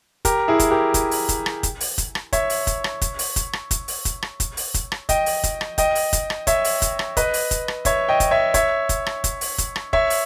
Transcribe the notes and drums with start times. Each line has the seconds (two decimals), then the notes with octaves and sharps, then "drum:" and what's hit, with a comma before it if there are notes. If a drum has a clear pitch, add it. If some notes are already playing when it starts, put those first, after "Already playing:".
0.25 G4 A#4, drum: kick, hi-hat
0.48 E4 G#4
0.59 drum: kick, hi-hat
0.71 G4 A#4
0.94 drum: kick, hi-hat
1.11 drum: open hi-hat
1.29 drum: kick, hi-hat
1.46 drum: rim click
1.63 drum: kick, hi-hat
1.80 drum: open hi-hat
1.98 drum: kick, hi-hat
2.15 drum: rim click
2.33 C#5 E5, drum: kick, hi-hat
2.50 drum: open hi-hat
2.67 drum: kick, hi-hat
2.84 drum: rim click
3.01 drum: kick, hi-hat
3.19 drum: open hi-hat
3.36 drum: kick, hi-hat
3.53 drum: rim click
3.71 drum: kick, hi-hat
3.88 drum: open hi-hat
4.05 drum: kick, hi-hat
4.22 drum: rim click
4.40 drum: kick, hi-hat
4.57 drum: open hi-hat
4.74 drum: kick, hi-hat
4.92 drum: rim click
5.09 D#5 G5, drum: kick, hi-hat
5.26 drum: open hi-hat
5.43 drum: kick, hi-hat
5.61 drum: rim click
5.78 D#5 G5, drum: kick, hi-hat
5.95 drum: open hi-hat
6.13 drum: kick, hi-hat
6.30 drum: rim click
6.47 C#5 E5, drum: kick, hi-hat
6.64 drum: open hi-hat
6.82 drum: kick, hi-hat
6.99 drum: rim click
7.17 B4 D#5, drum: kick, hi-hat
7.34 drum: open hi-hat
7.51 drum: kick, hi-hat
7.68 drum: rim click
7.85 C#5 E5, drum: kick, hi-hat
8.09 D#5 G5
8.20 drum: kick, hi-hat
8.31 C#5 E5
8.54 C#5 E5, drum: kick, hi-hat
8.89 drum: kick, hi-hat
9.06 drum: rim click
9.24 drum: kick, hi-hat
9.41 drum: open hi-hat
9.58 drum: kick, hi-hat
9.76 drum: rim click
9.93 C#5 E5, drum: kick
10.10 drum: open hi-hat